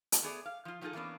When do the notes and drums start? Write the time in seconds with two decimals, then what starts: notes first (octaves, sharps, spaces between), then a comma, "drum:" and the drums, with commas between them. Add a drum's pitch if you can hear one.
0.12 drum: hi-hat
0.22 A3 B3 G#4 D5
0.46 F5
0.65 F3 F4
0.81 F3 F#3 D#4 F4 G#4 A4
0.93 E3 A#3 B3 C#4 D4